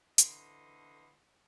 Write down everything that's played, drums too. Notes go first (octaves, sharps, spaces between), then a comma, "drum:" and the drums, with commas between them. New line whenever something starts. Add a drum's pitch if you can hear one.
D3 E3 A4 C5 D#5 B5, drum: hi-hat